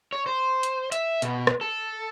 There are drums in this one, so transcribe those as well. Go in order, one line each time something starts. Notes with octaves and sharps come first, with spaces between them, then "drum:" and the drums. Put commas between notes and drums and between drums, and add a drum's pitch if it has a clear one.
C#5
C5
drum: hi-hat
E5, drum: hi-hat
B2, drum: hi-hat
drum: rim click
A4